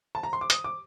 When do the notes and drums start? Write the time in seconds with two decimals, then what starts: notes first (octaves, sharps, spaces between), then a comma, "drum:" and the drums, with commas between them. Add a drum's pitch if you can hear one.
0.15 A5
0.23 A#5
0.33 C6
0.41 D6
0.50 D#6, drum: hi-hat
0.64 D6